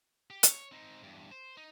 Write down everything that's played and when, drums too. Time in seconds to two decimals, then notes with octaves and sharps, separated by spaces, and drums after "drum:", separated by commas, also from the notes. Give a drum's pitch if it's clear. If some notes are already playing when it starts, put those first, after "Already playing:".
0.30 G4
0.43 C#5, drum: hi-hat
0.72 C4 D#4
1.03 E2 G2
1.31 C5
1.57 D#4